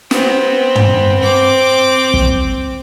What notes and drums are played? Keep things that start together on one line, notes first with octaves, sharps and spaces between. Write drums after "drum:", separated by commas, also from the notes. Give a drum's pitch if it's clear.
B3 C4, drum: snare
drum: tom
C4 D6
drum: kick